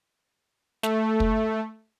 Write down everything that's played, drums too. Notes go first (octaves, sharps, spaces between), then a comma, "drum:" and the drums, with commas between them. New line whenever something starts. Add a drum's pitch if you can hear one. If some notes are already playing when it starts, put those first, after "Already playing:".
A3, drum: snare
drum: kick